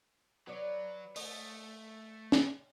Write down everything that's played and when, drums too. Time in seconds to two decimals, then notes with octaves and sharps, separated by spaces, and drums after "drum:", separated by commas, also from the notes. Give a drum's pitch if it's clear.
0.47 F#3 B4 C#5 D5
1.16 A3 D#5, drum: open hi-hat
2.32 drum: snare